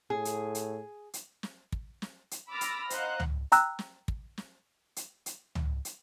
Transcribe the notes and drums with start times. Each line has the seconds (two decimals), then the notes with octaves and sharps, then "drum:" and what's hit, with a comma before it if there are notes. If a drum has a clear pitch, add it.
0.10 A2 G#4
0.25 drum: hi-hat
0.55 drum: hi-hat
1.14 drum: hi-hat
1.43 drum: snare
1.72 drum: kick
2.02 drum: snare
2.31 drum: hi-hat
2.50 B5 D6 E6 F6 A6 A#6
2.61 drum: hi-hat
2.90 C5 D#5 F5 F#5 A#5 F#6, drum: hi-hat
3.20 drum: tom C#2
3.52 G5 A#5 E6 F#6, drum: hi-hat
3.79 drum: snare
4.08 drum: kick
4.38 drum: snare
4.96 drum: hi-hat
5.26 drum: hi-hat
5.55 drum: tom C#2
5.85 drum: hi-hat